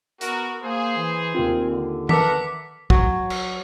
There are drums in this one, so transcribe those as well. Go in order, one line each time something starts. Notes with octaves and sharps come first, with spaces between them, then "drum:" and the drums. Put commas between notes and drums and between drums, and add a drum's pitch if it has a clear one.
B3 F#4 A#4, drum: hi-hat
A#3 G#4 C5
E3
D#2 C4 F4
D3
A#4 B4 E5 F#5 A5 D6 B6, drum: tom D#3
F#3, drum: kick
drum: cymbal